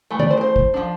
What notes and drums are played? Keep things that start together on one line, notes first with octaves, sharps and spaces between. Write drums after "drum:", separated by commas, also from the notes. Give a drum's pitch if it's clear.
E3 A3
D5, drum: tom
C5
A#4
C5
drum: kick
F3 A#3 D4